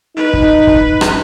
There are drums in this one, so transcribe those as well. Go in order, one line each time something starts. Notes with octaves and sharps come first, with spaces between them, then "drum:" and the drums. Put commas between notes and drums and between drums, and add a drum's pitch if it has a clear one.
D#4 B4
drum: kick
drum: kick
drum: rim click